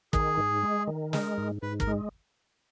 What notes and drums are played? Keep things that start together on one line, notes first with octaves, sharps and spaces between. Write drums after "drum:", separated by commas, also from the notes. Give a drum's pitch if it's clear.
D#3 G#4, drum: kick
G#2
G#3
D#3
G#3 A#4, drum: snare
G#2
G#2 B4
A#4, drum: kick
G#3